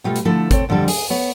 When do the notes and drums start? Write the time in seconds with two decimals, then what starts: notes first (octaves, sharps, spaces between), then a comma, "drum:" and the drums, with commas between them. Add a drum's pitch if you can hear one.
0.04 B2 G3 A3 F4
0.16 drum: hi-hat
0.25 D3 F3 A3 E4 A4
0.51 C4 A4 C#5, drum: kick, hi-hat
0.69 F2 D3 F3 G3 A4
0.88 G#4, drum: open hi-hat
1.10 B3 C#5